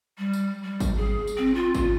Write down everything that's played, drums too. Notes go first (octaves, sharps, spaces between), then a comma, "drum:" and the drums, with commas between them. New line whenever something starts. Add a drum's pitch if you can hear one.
G3
drum: tambourine
G3
drum: kick G#1, tambourine
G#4
drum: tambourine
C4
F4
F4, drum: kick G#1, tambourine